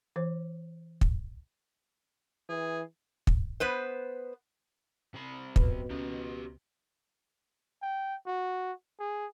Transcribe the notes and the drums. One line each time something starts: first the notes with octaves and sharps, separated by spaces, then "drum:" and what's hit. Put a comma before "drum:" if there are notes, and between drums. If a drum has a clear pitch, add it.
E3 C5
drum: kick
E3 G#4
drum: kick
B3 B4 C5
C3 B5
F#2 B2 B4, drum: kick
C#2 C#4 G4
G5
F#4
G#4